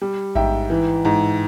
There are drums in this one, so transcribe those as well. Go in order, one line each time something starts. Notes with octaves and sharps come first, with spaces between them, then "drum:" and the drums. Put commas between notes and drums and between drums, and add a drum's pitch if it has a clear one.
G3
G#2 E5 G5, drum: kick A1
E3
G#2